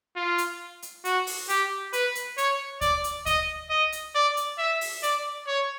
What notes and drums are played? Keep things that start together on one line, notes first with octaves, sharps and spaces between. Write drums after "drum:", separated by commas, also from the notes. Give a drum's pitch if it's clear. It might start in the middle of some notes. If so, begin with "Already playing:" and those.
F4
drum: hi-hat
drum: hi-hat
F#4, drum: hi-hat
drum: open hi-hat
G4, drum: hi-hat
B4, drum: hi-hat
drum: hi-hat
C#5, drum: hi-hat
D5, drum: kick D2, hi-hat
drum: hi-hat
D#5, drum: kick D2, hi-hat
D#5
drum: hi-hat
D5
drum: hi-hat
E5
drum: open hi-hat
D5, drum: hi-hat
C#5